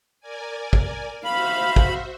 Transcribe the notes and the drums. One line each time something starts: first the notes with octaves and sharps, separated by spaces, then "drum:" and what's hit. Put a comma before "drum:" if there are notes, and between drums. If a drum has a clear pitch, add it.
A#4 D5 G#5
drum: kick
F#4 C5 E5 F5 B5
drum: kick